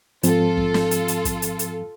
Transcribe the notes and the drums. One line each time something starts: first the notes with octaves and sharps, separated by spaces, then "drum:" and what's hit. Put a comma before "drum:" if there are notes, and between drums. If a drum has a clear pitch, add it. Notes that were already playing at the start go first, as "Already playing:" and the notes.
G#2 F3 C4 F4 A4, drum: hi-hat
drum: kick
drum: snare
drum: hi-hat
drum: hi-hat
drum: kick, hi-hat
drum: hi-hat
drum: hi-hat